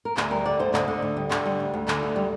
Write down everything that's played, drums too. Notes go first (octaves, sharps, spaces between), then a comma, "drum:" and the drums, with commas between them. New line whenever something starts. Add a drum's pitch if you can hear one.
A#4
D2 G#4, drum: clap
G3 A#4
D3 D5
D2 C5
D3 D#5, drum: clap
D3
D2
G3
D3, drum: clap
G3
D2
D2
D3, drum: clap
D2
G3